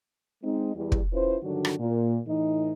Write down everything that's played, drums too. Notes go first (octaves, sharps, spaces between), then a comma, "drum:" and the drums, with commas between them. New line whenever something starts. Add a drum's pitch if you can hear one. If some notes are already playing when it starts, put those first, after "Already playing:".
G#3 C4 D#4
E2 G3
drum: kick
C#4 E4 F4 B4 C5
G2 D3 D#3 F#3 D4 F#4
drum: rim click
A#2
A2 E3 D#4